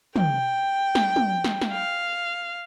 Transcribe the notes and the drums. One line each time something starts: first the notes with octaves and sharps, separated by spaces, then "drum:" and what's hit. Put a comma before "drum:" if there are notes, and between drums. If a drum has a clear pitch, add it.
G5, drum: tom
drum: snare
drum: tom
drum: snare
drum: snare
F5